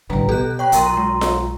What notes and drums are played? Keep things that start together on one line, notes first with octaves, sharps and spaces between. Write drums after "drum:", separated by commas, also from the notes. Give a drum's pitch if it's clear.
A1 D3 G3 B4 A#5
B2 G4 A4 F#6
C#5 G5 C#6
B1 F4 A#4 A#5 C6 D#7, drum: hi-hat
G#3
drum: snare F4